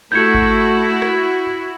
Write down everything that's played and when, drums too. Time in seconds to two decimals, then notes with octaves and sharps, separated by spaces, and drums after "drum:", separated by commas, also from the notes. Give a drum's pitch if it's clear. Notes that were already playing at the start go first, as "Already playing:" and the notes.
0.12 A3 E4 F#4 G6 G#6 C#7
0.34 drum: kick G1
1.02 drum: rim click